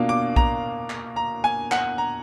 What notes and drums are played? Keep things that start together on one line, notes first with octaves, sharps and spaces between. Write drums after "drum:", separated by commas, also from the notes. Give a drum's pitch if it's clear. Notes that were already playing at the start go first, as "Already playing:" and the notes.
Already playing: B2 A#3 D4 F4
D6
A#5, drum: kick A#1
drum: clap
A#5
G#5
F#5, drum: clap
A#5